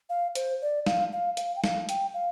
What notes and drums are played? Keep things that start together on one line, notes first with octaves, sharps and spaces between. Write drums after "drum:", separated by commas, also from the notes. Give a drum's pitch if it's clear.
F5
C5, drum: hi-hat
D5
F5, drum: snare
F5
F5, drum: hi-hat
G5
F5, drum: snare
G5, drum: hi-hat
F5